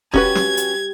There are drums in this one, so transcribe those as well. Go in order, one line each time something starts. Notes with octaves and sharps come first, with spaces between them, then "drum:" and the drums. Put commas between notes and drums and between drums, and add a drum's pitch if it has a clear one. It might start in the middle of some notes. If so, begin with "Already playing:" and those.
C#4 F#4 G4 B4 G#6, drum: kick D#1
drum: snare
drum: hi-hat